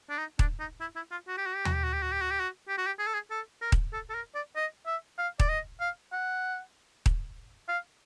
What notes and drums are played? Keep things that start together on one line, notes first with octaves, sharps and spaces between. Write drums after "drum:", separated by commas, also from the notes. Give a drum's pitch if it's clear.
D4
D#4
D4, drum: kick D#1
D#4
E4
E4
F4
F#4
G4
F#4
G4
F#4, drum: tom D#2
G4
F#4
G4
F#4
G4
F#4
G4
F#4
G4
F#4
G4
G#4
A4
G#4
A4
A#4
drum: kick D#1
A4
A4
A#4
D5
D#5
E5
F5
D5, drum: kick D#1
D#5
F5
F#5
drum: kick D#1
F5